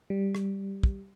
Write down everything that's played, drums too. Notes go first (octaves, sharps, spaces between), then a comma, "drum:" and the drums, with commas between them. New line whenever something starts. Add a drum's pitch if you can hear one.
G3
drum: rim click
drum: kick